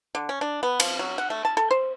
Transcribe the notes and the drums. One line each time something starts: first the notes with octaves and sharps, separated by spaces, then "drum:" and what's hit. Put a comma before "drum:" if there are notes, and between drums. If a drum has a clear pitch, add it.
D3
C#4
D4
B3
F3, drum: cymbal
F#3
F#5
A3
A5
A4
C5